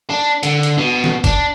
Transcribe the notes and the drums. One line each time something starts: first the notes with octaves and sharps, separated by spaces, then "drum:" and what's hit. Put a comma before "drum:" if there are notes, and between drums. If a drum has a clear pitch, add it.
D4
D3, drum: hi-hat
drum: hi-hat
B2
drum: snare
D4, drum: kick F#1, hi-hat